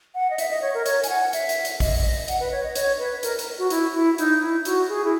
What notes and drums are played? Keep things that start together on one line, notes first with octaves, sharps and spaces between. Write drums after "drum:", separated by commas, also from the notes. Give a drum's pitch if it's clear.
F#5
D#5
E5, drum: hi-hat
D#5
C#5
A#4
C#5, drum: hi-hat
G#5, drum: hi-hat
F#5
E5, drum: hi-hat
drum: hi-hat
drum: hi-hat
D#5, drum: kick A#1, open hi-hat
D#5
F#5, drum: hi-hat
B4
C#5
D#5
C#5, drum: hi-hat
B4
A#4, drum: hi-hat
drum: hi-hat
F#4
E4, drum: hi-hat
E4
D#4, drum: hi-hat
E4
F#4, drum: hi-hat
G#4
E4